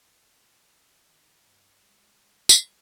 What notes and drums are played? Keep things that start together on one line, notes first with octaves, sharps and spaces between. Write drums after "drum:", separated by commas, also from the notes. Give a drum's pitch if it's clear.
D#3
G2
G3 G#3
G3, drum: tambourine